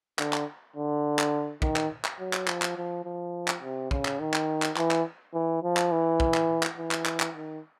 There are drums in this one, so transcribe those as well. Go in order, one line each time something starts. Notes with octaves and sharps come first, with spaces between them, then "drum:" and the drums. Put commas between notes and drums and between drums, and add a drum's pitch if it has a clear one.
D3, drum: clap
drum: clap
D3
drum: clap
D#3, drum: kick
drum: clap
drum: clap
F#3
drum: clap
F3, drum: clap
drum: clap
F3
F3
drum: clap
C3
C#3, drum: kick
drum: clap
D#3
drum: clap
drum: clap
E3, drum: clap
drum: clap
E3
F3
drum: clap
E3
drum: kick
drum: clap
drum: clap
E3
drum: clap
drum: clap
drum: clap
D#3